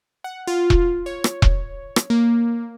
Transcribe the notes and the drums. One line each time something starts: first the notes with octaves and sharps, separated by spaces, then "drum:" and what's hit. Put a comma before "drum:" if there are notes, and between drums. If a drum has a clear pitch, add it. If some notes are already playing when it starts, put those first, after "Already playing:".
F#5
F4
drum: kick E1
C#5
drum: rim click
drum: kick E1
drum: rim click
A#3